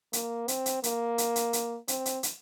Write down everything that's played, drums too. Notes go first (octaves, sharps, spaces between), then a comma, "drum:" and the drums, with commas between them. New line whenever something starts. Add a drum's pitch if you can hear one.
A#3, drum: hi-hat
C4, drum: hi-hat
drum: hi-hat
A#3, drum: hi-hat
drum: hi-hat
drum: hi-hat
drum: hi-hat
C4, drum: hi-hat
drum: hi-hat
drum: hi-hat